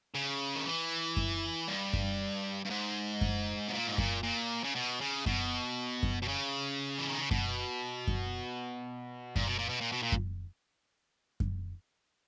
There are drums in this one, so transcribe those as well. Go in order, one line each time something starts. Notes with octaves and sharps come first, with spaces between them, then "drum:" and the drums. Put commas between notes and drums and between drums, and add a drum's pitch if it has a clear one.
C#3
D#3
E3
drum: kick F#2
G2
drum: kick F#2
G2
G#2
drum: kick F#2
B2
A#2
G#2
A#2, drum: kick F#2
A#2
C#3
B2
C#3
B2, drum: kick F#2
drum: kick F#2
B2
C#3
E3
D#3
C#3
B2, drum: kick F#2
drum: kick F#2
A#2, drum: kick F#2
B2
A#2
B2
A#2
B2
A#2
drum: kick F#2
drum: kick F#2